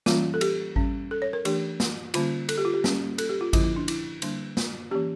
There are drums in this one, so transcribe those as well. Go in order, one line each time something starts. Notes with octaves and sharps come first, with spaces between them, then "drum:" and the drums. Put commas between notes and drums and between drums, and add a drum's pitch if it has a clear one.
E3 G3 A#3 C#4 F4, drum: snare
A4
G4, drum: cymbal
G3 C#4, drum: kick G#1
A4
C#5
A#4
E3 A3 D4 G4, drum: cymbal
drum: snare
D3 G3 A#3 C#4 F4, drum: cymbal
A4, drum: cymbal
G4
F4
G4
G3 A#3 C#4, drum: snare
A4, drum: cymbal
G4
F4
D3 F3 A#3 C#4 E4, drum: kick G#1, cymbal
E4
D4
E4, drum: cymbal
D3 G3 A#3 D4, drum: cymbal
drum: snare
E3 A#3 C#4 G4